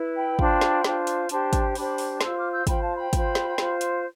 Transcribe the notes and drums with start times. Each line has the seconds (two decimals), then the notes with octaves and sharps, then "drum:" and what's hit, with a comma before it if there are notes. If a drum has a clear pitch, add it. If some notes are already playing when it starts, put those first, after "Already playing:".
Already playing: E4 B4
0.16 G5 B5
0.39 D4 F4 C5, drum: kick
0.61 drum: snare
0.84 D4 F4 C5, drum: snare
1.07 drum: hi-hat
1.29 D4 G4 C5 A5 C6, drum: hi-hat
1.53 drum: kick, hi-hat
1.75 D4 G4 C5 B5 D6, drum: open hi-hat
1.98 drum: open hi-hat
2.21 F4 C5 C6 E6, drum: snare
2.37 D6 F6
2.52 E6 G6
2.67 F4 C5 G5 B5, drum: kick, hi-hat
2.81 F5 A5
2.97 G5 B5
3.13 F4 C5, drum: kick, hi-hat
3.35 drum: snare
3.58 F4 C5, drum: snare
3.81 drum: hi-hat